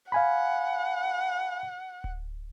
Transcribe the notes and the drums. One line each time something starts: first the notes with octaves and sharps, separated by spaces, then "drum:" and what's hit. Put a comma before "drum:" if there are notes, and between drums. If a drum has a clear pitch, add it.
F5 F#5 G#5 B5
drum: kick D1